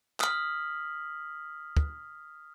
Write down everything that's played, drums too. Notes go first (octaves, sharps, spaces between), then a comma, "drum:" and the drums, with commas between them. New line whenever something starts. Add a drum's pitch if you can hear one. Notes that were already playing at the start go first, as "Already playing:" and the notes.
D#6 F6 B6 F#7, drum: clap
drum: kick